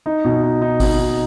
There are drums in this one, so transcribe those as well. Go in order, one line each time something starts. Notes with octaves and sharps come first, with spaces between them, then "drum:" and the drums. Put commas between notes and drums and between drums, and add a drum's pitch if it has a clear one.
D#4
B2
D#4
D#4
B2, drum: kick G1, open hi-hat
D#4